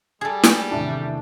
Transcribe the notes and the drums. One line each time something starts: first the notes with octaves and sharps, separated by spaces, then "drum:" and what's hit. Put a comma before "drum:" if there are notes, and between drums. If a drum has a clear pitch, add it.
G3 G#4 A4
drum: snare
E2 A2 C3 D#3 D4